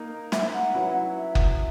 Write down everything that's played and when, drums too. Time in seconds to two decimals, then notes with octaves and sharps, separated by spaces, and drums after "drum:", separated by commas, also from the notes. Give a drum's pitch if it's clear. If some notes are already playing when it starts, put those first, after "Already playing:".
Already playing: A#3 D#4 A#4
0.32 E5, drum: snare
0.53 F#5
0.74 F#3 C#4 E4 B4
1.17 E5
1.35 drum: kick F#1